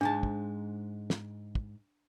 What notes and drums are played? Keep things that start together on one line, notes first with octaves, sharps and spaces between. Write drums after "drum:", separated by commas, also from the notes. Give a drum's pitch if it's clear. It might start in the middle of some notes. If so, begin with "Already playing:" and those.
G#2 G#3 D4 A5
drum: kick
drum: snare
drum: kick